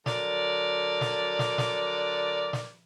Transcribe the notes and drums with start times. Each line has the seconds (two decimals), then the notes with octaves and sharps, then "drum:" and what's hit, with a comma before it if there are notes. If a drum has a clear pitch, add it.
0.06 D3 F#3 A#4 D5, drum: snare
1.01 drum: snare
1.39 drum: snare
1.58 drum: snare
2.53 drum: snare